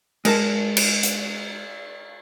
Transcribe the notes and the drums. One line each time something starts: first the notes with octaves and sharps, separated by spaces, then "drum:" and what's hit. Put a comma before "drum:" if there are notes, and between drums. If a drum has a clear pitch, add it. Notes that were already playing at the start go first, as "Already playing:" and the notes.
G#3 A#4 A5, drum: cymbal
drum: cymbal
drum: hi-hat